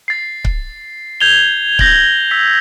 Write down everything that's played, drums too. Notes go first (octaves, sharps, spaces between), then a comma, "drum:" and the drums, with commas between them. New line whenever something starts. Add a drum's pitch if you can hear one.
A6 C7
drum: kick C#1
G6 G#6 F7 G7
G6 A#6 F7 F#7, drum: kick C#1
E6 B6